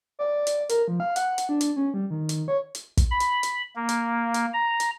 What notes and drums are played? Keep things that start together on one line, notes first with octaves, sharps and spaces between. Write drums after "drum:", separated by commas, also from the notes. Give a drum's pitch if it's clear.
D5
drum: hi-hat
A#4, drum: hi-hat
F3
F5
F#5, drum: hi-hat
drum: hi-hat
D4
drum: hi-hat
C#4
G3
D#3
drum: hi-hat
C#5
drum: hi-hat
drum: kick, hi-hat
B5
drum: hi-hat
drum: hi-hat
A#3
drum: hi-hat
drum: hi-hat
A#5
drum: hi-hat